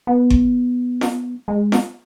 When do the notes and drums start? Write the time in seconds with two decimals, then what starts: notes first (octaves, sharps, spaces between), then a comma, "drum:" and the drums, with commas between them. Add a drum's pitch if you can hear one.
0.07 B3
0.30 drum: kick G1
1.01 drum: snare
1.48 G#3
1.72 drum: snare